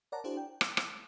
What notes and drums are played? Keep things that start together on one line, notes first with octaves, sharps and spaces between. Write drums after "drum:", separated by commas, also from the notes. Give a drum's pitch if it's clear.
A#4 C#5 D5 F#5 A5 A#5
D4 E4 F#4 G#4 C5
G5
drum: rim click
drum: rim click